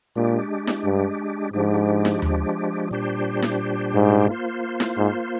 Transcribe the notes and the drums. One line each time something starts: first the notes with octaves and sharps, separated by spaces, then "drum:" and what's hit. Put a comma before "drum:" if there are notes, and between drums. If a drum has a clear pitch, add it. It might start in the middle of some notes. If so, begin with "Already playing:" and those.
A#2 G#3 D4 G4
drum: snare E4
G2
G#2 F3 G#3 D4 G4
drum: snare E4
drum: tom D#2
A#2 G3 D4 G4 C5
drum: snare E4
G#2
A#3 F4 C5
drum: snare E4
G#2